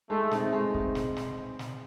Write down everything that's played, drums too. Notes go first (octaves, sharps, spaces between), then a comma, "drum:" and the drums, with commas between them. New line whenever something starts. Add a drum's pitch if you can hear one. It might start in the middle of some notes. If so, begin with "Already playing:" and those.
G#3 A3
C4 D#4, drum: snare
G#3
C4 D#4, drum: kick
drum: snare
drum: snare
drum: snare